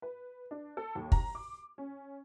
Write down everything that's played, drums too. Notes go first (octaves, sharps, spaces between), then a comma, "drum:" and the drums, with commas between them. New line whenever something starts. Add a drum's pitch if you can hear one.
B4
D4
A4
D#2
A#5, drum: kick
D6
C#4